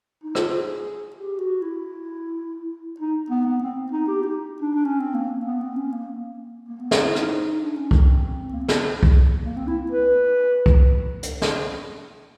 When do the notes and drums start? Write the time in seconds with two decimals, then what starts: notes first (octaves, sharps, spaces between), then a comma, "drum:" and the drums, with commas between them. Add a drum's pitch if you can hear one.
0.24 D#4
0.35 F4, drum: rim click
0.47 F4
0.58 G#4
1.16 G4
1.39 F#4
1.62 E4
3.00 D#4
3.30 B3
3.46 B3
3.62 C4
3.92 D#4
4.08 G4
4.23 D#4
4.61 D4
4.74 D4
4.85 C#4
5.00 C4
5.14 A#3
5.46 B3
5.61 C4
5.76 C#4
5.92 A#3
6.69 A#3
6.79 B3
6.91 C4, drum: snare
7.03 E4
7.15 D#4, drum: rim click
7.60 D4
7.76 C#4
7.91 C4, drum: kick C2
8.53 A#3
8.61 C4
8.68 B3, drum: snare
9.03 drum: kick C2
9.45 A#3
9.57 C4
9.68 E4
9.91 B4
10.66 drum: kick C2
11.23 drum: hi-hat
11.42 drum: snare